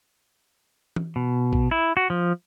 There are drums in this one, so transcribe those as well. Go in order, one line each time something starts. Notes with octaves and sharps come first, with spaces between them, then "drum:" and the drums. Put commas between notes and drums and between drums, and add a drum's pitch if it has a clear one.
drum: tom
B2
drum: kick
E4
F#4
F3